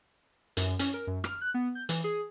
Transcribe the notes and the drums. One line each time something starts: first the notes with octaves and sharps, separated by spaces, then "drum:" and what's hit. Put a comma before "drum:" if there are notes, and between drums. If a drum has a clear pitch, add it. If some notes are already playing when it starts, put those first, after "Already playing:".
F#2, drum: hi-hat
C#4, drum: hi-hat
A#4
F#2
F6, drum: rim click
F#6
B3
G6
E3, drum: hi-hat
G#4